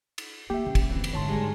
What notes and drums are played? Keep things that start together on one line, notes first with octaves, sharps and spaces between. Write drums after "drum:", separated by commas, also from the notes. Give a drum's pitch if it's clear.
drum: cymbal
A#3 G4 E5
C#3
drum: kick, cymbal
D2 E3 C4 E4
drum: cymbal
G#2 D3 C#5 A5 C6
D#3 G3 G#3